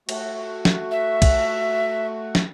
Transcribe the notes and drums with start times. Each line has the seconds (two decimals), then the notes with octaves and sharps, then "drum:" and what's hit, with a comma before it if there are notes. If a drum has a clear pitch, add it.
0.09 A3 F#4, drum: cymbal
0.65 drum: snare
0.91 E5
1.22 drum: kick, cymbal
2.35 drum: snare